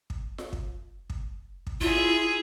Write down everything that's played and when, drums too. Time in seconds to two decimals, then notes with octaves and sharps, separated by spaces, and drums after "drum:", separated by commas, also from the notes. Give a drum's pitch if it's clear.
0.10 drum: kick
0.38 drum: snare F4
0.53 drum: kick
1.10 drum: kick
1.67 drum: kick
1.81 E4 F4 G#4 E5, drum: kick
1.95 drum: snare F4